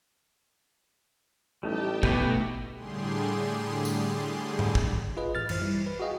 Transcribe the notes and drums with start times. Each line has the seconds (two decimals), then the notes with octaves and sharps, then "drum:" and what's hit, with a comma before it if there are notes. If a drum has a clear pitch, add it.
1.63 A1 G3 A3 D#4 G4 G5 A5
2.03 B2 A3 D#4 G4 B4 G5, drum: kick
2.75 A2 D3 G3 G4 G#4 C6
3.85 drum: tambourine
4.59 drum: tom G#2
4.75 drum: kick
5.17 F4 G#4 B4 D#5
5.35 A1 F6 A6
5.49 F#2 E3 C5, drum: cymbal
5.62 G3 E4
5.86 B4
6.00 F#4 G#4 D#5 F5 G5